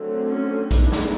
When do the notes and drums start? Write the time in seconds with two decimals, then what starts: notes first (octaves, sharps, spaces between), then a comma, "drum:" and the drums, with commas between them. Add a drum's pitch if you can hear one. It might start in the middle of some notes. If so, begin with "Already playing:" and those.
Already playing: D3 F#3 A3 C4
0.30 C#4
0.71 E3 G#3 B3 D4 D#4, drum: kick A#1, hi-hat
0.92 drum: snare